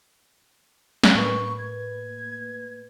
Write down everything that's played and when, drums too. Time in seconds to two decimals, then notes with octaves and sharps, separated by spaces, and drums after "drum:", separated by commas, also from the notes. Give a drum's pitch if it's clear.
1.04 drum: snare
1.15 A2 A#3 B4 C#6
1.59 G#6